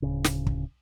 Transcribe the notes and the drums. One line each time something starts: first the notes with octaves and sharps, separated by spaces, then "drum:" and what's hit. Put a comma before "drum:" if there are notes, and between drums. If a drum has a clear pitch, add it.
D1 C#3
drum: snare
drum: kick